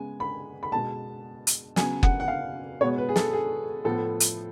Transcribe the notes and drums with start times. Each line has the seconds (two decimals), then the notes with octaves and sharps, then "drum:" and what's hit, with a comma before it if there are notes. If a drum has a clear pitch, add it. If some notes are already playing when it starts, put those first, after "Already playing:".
Already playing: C#3 G#3 B3 G#5
0.20 B5
0.63 B5
0.72 B2 G#3 B3 A5
1.47 drum: hi-hat
1.76 C#3 F#3 B3 G#5, drum: snare
2.03 F#5, drum: kick F#1
2.20 F#5
2.28 F5
2.81 B2 G#3 B3 C#5
2.98 B4
3.09 G#4
3.16 A4, drum: snare
3.33 G#4
3.84 A2 F3 B3 A4
4.20 drum: hi-hat